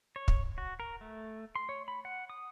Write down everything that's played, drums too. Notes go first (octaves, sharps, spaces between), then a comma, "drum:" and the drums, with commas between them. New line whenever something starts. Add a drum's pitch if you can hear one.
C#5
drum: kick
F#4
A#4
A3
C6
C#5
B5
F#5
D#6